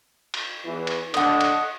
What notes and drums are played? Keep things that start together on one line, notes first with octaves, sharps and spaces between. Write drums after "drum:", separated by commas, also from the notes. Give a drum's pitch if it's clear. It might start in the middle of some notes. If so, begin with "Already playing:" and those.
drum: cymbal
E2 E3
drum: cymbal
D3 D#5 F#5, drum: cymbal
drum: cymbal